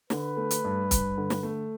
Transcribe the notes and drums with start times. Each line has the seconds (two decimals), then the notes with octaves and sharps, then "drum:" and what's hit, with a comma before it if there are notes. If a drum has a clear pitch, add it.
0.10 D3 B4, drum: snare
0.37 A3
0.51 drum: hi-hat
0.64 G2
0.91 G2, drum: kick, hi-hat
1.18 D3
1.30 drum: snare
1.43 A3